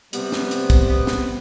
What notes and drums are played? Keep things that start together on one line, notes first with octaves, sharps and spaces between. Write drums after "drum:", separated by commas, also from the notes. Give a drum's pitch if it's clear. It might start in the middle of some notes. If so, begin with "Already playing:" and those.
C3 G3 B3, drum: hi-hat
drum: snare
drum: hi-hat
drum: kick, hi-hat
B3
drum: snare